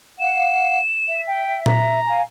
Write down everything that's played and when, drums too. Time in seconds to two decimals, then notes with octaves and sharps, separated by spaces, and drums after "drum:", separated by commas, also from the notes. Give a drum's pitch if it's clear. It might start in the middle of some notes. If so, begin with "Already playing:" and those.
0.20 F5 F#5 E7
1.08 E5
1.27 G5
1.66 A#5, drum: tom A#2
2.06 F5 G#5